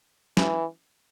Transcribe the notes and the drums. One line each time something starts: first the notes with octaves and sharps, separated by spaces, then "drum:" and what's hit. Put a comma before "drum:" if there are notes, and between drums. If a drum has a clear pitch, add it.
E3, drum: snare